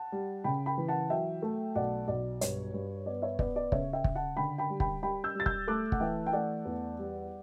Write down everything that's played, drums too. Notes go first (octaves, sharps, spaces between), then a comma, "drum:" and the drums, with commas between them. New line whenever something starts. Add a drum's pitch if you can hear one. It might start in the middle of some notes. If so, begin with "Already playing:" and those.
Already playing: F#5 A5
G3
C#3 G5 B5
G5 B5
E3
F#5 A5
F#3 E5 G5
A3
B1 D5 F#5
B1 D5
G2 C#5, drum: hi-hat
G2
B3 D5
C#5 E5
B3 D5, drum: kick
D5
C#3 C#5 E5, drum: kick
E5 G5
C#3, drum: kick
F#5 A5
D3 G5 B5
G5 B5
G3
G5 B5, drum: kick
G3 G5 B5
E6 G6
G3 A6
E6 G6, drum: kick
A3 D6 F#6
F#5, drum: kick
E3 E5 G5
G5
A3 D5 F#5
E2
G3